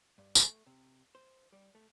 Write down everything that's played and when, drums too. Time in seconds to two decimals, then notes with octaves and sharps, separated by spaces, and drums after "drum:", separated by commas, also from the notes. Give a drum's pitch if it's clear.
0.18 G2
0.35 A3, drum: tambourine
0.67 C3
1.15 C5
1.53 G3
1.75 A3